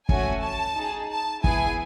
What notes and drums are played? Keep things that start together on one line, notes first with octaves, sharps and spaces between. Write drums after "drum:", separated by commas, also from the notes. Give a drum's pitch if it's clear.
A3 C#4 F#4 G#5, drum: kick
A5
D#4 G#4
A5
B3 E4 G#4 G#5, drum: kick